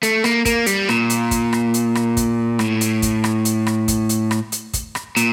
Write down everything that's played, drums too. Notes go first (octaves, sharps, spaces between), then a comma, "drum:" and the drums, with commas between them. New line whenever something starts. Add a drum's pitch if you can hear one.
A3, drum: hi-hat
A#3, drum: rim click
A#3, drum: kick, hi-hat
G3, drum: hi-hat
A#2, drum: rim click
drum: hi-hat
drum: kick, hi-hat
drum: rim click
drum: hi-hat
drum: rim click
drum: kick, hi-hat
A2, drum: rim click
drum: hi-hat
drum: kick, hi-hat
drum: rim click
drum: hi-hat
drum: rim click
drum: kick, hi-hat
drum: hi-hat
drum: rim click
drum: hi-hat
drum: kick, hi-hat
drum: rim click
A#2, drum: hi-hat